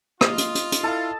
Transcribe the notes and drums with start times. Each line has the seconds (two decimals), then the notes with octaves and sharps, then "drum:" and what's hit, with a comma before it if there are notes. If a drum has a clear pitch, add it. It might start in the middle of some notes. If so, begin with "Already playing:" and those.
0.21 F4 D#5, drum: rim click
0.38 drum: hi-hat
0.55 drum: hi-hat
0.72 drum: hi-hat
0.83 E4 A4 F5 A5